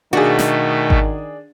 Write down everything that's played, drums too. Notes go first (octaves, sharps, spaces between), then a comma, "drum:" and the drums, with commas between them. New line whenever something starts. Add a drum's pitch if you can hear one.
B2 D#3 A3 D4 F#4 G#4
drum: snare
drum: kick G#1